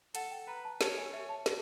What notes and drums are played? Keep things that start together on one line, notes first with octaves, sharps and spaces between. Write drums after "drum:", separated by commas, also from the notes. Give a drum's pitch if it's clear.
A4 F#5, drum: hi-hat
G5
B4 A#5
A5
C#5 A5, drum: snare
G#5
C#5 E5
A5
drum: snare